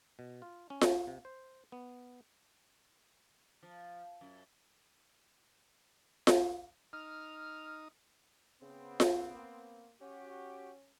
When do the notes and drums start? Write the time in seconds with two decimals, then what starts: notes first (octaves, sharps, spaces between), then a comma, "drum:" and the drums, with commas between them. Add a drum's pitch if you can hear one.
0.19 B2
0.42 F4
0.70 C#4
0.81 drum: snare F4
1.07 C3
1.25 C5
1.72 B3
3.63 F3
4.21 F#2
6.27 drum: snare F4
6.93 D#4 D#6 F6
8.62 C#3 B3 C4
9.00 drum: snare F4
9.34 A#3
10.02 C#4 F#4 G4